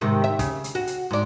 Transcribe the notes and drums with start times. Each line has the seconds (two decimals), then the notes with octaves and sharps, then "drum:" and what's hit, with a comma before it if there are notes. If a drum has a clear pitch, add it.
0.01 G#2 C3 D#3
0.24 E5
0.39 C#3, drum: kick, hi-hat
0.64 drum: hi-hat
0.75 F#4
0.87 drum: hi-hat
1.11 G#2 D4